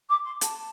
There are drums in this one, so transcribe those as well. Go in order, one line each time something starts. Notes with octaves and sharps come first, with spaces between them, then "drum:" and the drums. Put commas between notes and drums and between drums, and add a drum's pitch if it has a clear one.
D6
C6
A5, drum: hi-hat